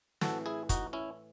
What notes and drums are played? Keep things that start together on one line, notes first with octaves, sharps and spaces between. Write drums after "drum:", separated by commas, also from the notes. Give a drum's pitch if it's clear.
A2 E3 F#4 A4, drum: snare
E4 G#4
D#4 F#4, drum: kick, hi-hat
C#4 E4